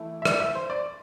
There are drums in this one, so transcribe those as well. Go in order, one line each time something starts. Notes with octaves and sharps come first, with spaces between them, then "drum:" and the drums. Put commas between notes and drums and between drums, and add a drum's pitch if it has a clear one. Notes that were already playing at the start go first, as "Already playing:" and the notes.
Already playing: E3 A3 E4
E5
D5, drum: rim click
E5
C5
D5